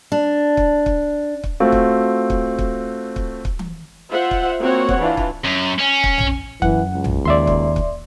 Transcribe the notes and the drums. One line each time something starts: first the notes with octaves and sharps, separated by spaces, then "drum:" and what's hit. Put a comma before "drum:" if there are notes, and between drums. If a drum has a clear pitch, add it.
D4
drum: kick
drum: kick
drum: kick
A3 C4 F4 F#4
drum: kick
drum: kick
drum: kick
drum: kick
drum: kick
drum: tom E3
F4 C5 E5 F#5
drum: kick
A#3 C4 F#4 C#5 F#5
drum: kick
E3 D4 F4
drum: kick
F#2
C#4
drum: kick
drum: tom A#1
F#2 E3 F#5, drum: kick
C#2
drum: tom A#1
D#2 D5 E5 C6
drum: kick
drum: kick